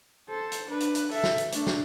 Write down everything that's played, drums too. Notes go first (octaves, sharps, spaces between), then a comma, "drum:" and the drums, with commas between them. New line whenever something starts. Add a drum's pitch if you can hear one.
A4 C5
drum: hi-hat
D4 B4
drum: hi-hat
drum: hi-hat
A4 E5, drum: open hi-hat
drum: snare
drum: hi-hat
A3 D4, drum: hi-hat
drum: snare